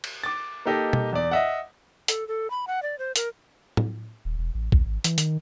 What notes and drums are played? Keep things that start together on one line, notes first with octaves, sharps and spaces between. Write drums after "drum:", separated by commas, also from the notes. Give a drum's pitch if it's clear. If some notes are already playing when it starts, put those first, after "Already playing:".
drum: cymbal
D6 A6
A#3 D#4 G4 A4 D#5
drum: tom B2
E2 D5
D#5 E5 F#5
A4, drum: hi-hat
A4
B5
F#5
D5
C5
A#4, drum: hi-hat
drum: tom
D#1
E1
A1
D2, drum: kick A1
G#1
E3, drum: hi-hat
D#3, drum: hi-hat